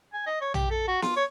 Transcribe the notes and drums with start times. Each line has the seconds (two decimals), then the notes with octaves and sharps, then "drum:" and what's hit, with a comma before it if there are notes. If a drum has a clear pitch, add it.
0.13 G#5
0.26 D#5
0.41 C#5
0.54 G4, drum: tom
0.70 A4
0.88 F#4
1.02 F4, drum: snare
1.16 C#5